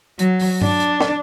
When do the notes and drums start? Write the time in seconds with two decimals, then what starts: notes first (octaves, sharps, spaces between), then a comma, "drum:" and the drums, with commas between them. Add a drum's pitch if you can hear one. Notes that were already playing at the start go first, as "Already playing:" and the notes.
0.19 F#3, drum: hi-hat
0.40 drum: open hi-hat
0.61 D4, drum: tom G2
0.80 drum: hi-hat
1.00 drum: snare